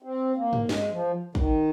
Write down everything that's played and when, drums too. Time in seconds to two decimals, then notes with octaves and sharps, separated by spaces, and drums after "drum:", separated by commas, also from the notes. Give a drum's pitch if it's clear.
0.02 C4
0.36 A#3
0.53 drum: tom
0.69 G#3, drum: snare
0.92 F3
1.35 D#3, drum: kick